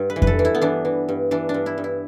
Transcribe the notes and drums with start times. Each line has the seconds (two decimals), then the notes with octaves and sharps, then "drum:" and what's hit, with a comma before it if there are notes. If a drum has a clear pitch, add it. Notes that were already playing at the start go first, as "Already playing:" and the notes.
Already playing: G2
0.10 B4
0.16 E3
0.22 B4, drum: kick F2
0.27 A4
0.39 E3
0.45 E4
0.55 B3
0.62 E3 D4
0.85 E3
1.08 G2
1.31 E3 D4
1.49 D4
1.54 G2
1.66 E4
1.78 G2
1.84 E4